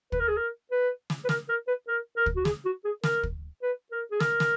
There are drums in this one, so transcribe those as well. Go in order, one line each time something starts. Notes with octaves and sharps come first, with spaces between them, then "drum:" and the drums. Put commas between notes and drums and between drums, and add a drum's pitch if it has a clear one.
B4, drum: kick
A#4
G#4
A#4
B4
drum: snare
B4
A#4, drum: snare
A#4
B4
A#4
A#4
drum: kick
F#4
G#4, drum: snare
F#4
G#4
A#4, drum: snare
drum: kick
B4
A#4
G#4
A#4, drum: snare
drum: snare